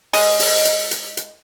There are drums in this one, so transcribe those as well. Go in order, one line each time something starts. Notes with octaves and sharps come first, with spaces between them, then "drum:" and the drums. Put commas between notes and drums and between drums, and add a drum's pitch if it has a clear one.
G#3 D#5, drum: open hi-hat
drum: open hi-hat
drum: hi-hat
drum: hi-hat
drum: hi-hat